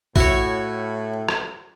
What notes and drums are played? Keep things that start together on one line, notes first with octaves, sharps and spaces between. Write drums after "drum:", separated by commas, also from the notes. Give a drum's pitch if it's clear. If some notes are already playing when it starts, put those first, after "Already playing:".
A2 E4 F#4 C#5, drum: kick
drum: rim click